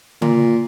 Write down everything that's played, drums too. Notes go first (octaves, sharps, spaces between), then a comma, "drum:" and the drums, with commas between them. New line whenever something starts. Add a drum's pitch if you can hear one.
A#2, drum: tom C#3